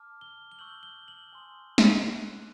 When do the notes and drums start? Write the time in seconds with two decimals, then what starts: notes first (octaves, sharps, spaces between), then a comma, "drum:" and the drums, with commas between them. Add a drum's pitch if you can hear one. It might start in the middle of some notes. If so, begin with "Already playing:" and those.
Already playing: A5 D6 F6
0.21 G7
0.52 G7
0.59 C#6 E6 G6 F#7
0.83 G7
1.08 F#7
1.33 G#5 C6 D#6
1.78 drum: snare
2.07 C#6 F#6